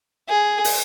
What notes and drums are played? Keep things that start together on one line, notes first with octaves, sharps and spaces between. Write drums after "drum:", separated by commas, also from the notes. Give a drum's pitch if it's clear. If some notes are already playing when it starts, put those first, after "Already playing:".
G#4
drum: open hi-hat